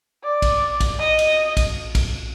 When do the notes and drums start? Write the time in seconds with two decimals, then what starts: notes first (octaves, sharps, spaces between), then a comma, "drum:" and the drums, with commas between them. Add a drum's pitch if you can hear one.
0.23 D5
0.42 drum: kick, cymbal
0.80 drum: kick, cymbal
0.99 D#5
1.19 drum: cymbal
1.57 drum: kick, cymbal
1.95 drum: kick, cymbal